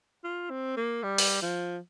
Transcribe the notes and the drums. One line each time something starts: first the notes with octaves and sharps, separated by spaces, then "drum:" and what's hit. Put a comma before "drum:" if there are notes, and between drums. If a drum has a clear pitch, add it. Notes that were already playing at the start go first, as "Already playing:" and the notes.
F4
C4
A#3
G3
drum: open hi-hat
F3